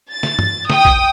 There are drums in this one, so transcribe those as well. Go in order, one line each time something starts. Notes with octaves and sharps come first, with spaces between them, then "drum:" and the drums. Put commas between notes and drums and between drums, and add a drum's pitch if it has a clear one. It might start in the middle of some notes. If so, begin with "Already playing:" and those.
A6
drum: snare
drum: tom
G5 D#6, drum: snare
drum: kick A#1